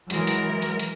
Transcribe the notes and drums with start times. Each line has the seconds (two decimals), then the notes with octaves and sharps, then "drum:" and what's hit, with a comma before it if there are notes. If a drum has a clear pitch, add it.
0.10 E3 F#3 G#3 A#4, drum: hi-hat
0.27 drum: hi-hat
0.62 drum: hi-hat
0.79 drum: hi-hat